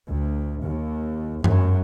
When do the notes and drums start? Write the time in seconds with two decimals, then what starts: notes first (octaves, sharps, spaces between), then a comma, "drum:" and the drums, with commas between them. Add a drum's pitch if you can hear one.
0.12 D2
0.64 D#2
1.44 F#2, drum: tom G2